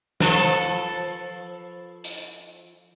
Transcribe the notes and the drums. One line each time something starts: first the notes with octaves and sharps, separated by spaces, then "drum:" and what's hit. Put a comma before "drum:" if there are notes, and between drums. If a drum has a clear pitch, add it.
F3 A4 B4, drum: snare
drum: hi-hat